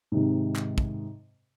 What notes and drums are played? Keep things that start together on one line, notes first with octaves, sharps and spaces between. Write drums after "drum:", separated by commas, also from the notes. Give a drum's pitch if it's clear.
G#2 C3 D#3
drum: clap
drum: kick